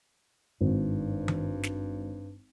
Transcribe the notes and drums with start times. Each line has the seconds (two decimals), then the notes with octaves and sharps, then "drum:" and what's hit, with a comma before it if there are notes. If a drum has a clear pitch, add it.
0.61 G#1 G2
1.28 drum: tom D#3
1.63 drum: snare